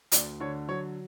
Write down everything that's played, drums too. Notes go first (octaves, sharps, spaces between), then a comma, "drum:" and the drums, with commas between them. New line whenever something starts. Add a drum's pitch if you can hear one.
D2 D5, drum: hi-hat
D3 C#5
F#3 C#5